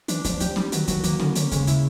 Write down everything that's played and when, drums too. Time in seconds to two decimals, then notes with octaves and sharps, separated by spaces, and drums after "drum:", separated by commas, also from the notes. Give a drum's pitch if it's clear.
0.08 E3 D4, drum: hi-hat
0.25 F3 D4, drum: kick D#2, hi-hat
0.40 F3 G4, drum: hi-hat
0.56 G3, drum: snare C#4
0.72 D#3 F#3, drum: hi-hat
0.88 D#3 F#4, drum: kick D#2, hi-hat
1.04 D#3 A#3, drum: hi-hat
1.20 D3 A#3, drum: snare C#4
1.35 D3 C#4, drum: hi-hat
1.52 C#3 G#3, drum: kick D#2, hi-hat
1.67 E4, drum: hi-hat